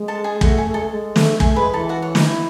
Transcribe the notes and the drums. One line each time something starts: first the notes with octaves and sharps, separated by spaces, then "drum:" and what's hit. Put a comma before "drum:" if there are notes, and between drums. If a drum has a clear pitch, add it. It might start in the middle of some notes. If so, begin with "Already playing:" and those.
Already playing: G#3
A4 A5
G#4 G#5
A3 F#4 F#5, drum: kick
G#4
A3
G#3 A4
A3
G#3
A3, drum: snare
A3 G#4 G#5, drum: kick
G#3 B4 B5
E3 A4 A5
F#4 F#5
C#5
D#4, drum: snare
E4